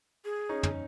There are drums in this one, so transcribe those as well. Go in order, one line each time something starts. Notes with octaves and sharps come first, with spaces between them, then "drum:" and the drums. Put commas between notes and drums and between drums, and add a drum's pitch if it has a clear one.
G#4
C#4 D#4
drum: tom